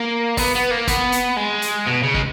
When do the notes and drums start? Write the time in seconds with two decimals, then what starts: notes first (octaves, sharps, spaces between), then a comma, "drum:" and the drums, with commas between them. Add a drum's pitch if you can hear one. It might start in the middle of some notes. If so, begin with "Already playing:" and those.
Already playing: A#3
0.37 B3, drum: kick, open hi-hat
0.55 B3
0.71 A#3
0.87 B3, drum: kick, hi-hat
1.12 drum: hi-hat
1.37 G#3
1.62 drum: hi-hat
1.87 B2
2.03 C#3
2.14 G#3, drum: kick